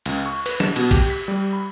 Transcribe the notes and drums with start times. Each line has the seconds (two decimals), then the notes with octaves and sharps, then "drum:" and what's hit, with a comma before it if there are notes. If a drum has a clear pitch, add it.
0.06 C#2, drum: cymbal
0.26 C#6
0.46 B4, drum: cymbal
0.60 E7, drum: snare
0.76 B2, drum: cymbal
0.91 G4, drum: kick, cymbal
1.10 B6
1.28 G3
1.53 B5